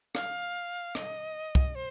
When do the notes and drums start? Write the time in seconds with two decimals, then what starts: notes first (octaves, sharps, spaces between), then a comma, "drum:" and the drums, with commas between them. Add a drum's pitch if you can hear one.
0.15 F5, drum: rim click
0.95 D#5, drum: rim click
1.55 drum: kick C2
1.75 C5